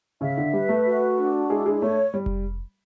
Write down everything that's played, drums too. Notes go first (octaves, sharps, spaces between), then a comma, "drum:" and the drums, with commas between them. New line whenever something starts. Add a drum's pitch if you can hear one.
C#3 C#4 E5
D3 D4
G3 G4 B4
A3 A4
F#4
D4
G#3 E4 G#4
G#3 G#4
A3 A4 C#5
G3
drum: kick F1